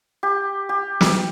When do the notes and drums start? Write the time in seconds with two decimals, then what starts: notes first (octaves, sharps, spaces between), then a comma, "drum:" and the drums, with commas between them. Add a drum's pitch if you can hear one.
0.23 G4
0.69 G4
1.01 drum: snare